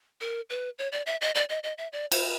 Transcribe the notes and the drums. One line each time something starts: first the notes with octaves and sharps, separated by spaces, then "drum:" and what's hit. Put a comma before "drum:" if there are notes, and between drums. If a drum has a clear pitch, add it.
A#4
B4
C#5
D5
E5
D#5
D5
D#5
D#5
E5
D5
C5, drum: cymbal